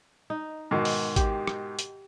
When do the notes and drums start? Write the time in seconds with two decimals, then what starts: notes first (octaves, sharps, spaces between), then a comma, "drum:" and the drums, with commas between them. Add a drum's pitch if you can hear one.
0.30 D#4
0.71 G#2 B2 D#3
0.85 drum: open hi-hat
1.16 G4, drum: kick G#1, hi-hat
1.47 drum: rim click
1.79 drum: hi-hat